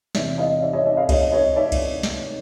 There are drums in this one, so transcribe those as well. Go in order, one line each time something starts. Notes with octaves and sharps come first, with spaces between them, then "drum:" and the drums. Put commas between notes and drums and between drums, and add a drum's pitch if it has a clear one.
E2 C3 E3 D5 E5, drum: snare
D#5 F5
D5 E5
C#5 D#5
D5 E5
D#5 F5
C#5 D#5, drum: kick C2, cymbal
C#5 D#5
D5 E5
drum: kick C2, cymbal
drum: snare